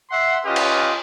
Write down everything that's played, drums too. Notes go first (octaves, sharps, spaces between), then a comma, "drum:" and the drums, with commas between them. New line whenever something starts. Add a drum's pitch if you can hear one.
E5 F#5 C6
C#4 F4 G4 B4 D#5
drum: cymbal